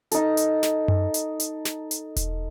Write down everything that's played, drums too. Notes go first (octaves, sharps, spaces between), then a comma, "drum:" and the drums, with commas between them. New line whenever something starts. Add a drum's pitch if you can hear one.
D#4 A4, drum: hi-hat
drum: hi-hat
drum: snare
drum: tom F#2
drum: hi-hat
drum: hi-hat
drum: snare
drum: hi-hat
drum: kick E1, hi-hat